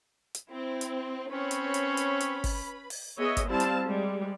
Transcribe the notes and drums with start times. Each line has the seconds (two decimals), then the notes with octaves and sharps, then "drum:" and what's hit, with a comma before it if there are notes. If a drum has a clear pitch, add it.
0.35 drum: hi-hat
0.50 C4 E4
0.81 drum: hi-hat
1.31 C4 C#4 B4 C#5 B5
1.51 drum: hi-hat
1.74 drum: hi-hat
1.97 drum: hi-hat
2.20 drum: hi-hat
2.44 drum: kick G1, open hi-hat
2.90 drum: open hi-hat
3.19 B3 G#4 C#5 D#5 E5
3.37 drum: kick G1, hi-hat
3.49 G3 C4 E4 F5 A5
3.60 drum: hi-hat
3.83 G3 G#3